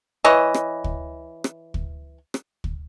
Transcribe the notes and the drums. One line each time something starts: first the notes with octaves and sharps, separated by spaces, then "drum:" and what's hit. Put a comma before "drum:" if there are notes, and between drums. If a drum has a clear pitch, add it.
E3 C#5 D#5
drum: rim click
drum: kick
drum: rim click
drum: kick
drum: rim click
drum: kick